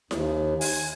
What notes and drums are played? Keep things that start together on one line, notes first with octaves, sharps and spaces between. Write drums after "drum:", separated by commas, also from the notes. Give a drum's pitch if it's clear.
D#2, drum: snare E4
G#5, drum: open hi-hat